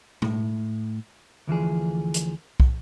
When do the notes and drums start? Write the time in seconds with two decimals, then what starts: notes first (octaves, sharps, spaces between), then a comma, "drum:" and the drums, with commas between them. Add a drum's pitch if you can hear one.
0.22 A2, drum: tom
1.47 D2 E3 F3 G#4
2.14 drum: hi-hat
2.60 drum: kick